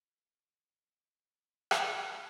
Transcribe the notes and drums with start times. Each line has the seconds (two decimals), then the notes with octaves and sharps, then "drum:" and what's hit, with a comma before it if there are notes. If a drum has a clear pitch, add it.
0.11 C3 C#5
0.20 D5
0.29 B4 C#5
0.46 D#3 F#3 B3
0.80 C3
1.14 D#3 F#3 B3
1.48 C#2
1.71 drum: rim click
1.82 C#3 F#3